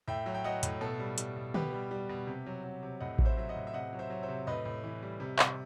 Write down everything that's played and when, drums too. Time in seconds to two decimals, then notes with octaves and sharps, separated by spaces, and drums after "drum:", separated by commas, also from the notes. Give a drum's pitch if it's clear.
0.08 A2 E5 G5
0.26 F#3
0.34 G5
0.44 F#3 D#5 F#5
0.63 A2, drum: hi-hat
0.81 B2 A4
1.00 G3
1.18 G3, drum: hi-hat
1.36 B2
1.54 B2 G4 B4, drum: tom D3
1.73 G3
1.91 G3
2.09 B2
2.27 C3
2.46 F#3
2.64 F#3
2.83 C3
3.00 A2 D#5 F#5
3.19 F#3, drum: kick A1
3.25 C5 E5
3.37 F#3 E5
3.49 D#5 F#5
3.56 A2
3.67 E5
3.74 C3 D#5 F#5
3.93 F#3
3.99 C5 E5
4.10 F#3
4.23 C5 E5
4.29 C3
4.47 A2 B4 D#5
4.65 A2
4.84 E3
5.03 G3
5.20 C3
5.39 C3, drum: clap